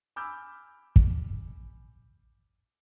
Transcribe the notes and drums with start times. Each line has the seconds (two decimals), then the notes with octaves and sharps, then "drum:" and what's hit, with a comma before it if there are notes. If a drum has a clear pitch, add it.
0.16 G#5 B5 D6 E6 F6 G6
0.96 drum: kick